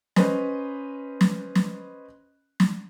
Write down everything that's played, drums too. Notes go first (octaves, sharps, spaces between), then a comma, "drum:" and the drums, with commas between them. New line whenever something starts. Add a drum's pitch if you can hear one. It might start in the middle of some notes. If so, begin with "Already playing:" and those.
C#4 B4 C5 D#5, drum: snare
drum: snare
drum: snare
drum: snare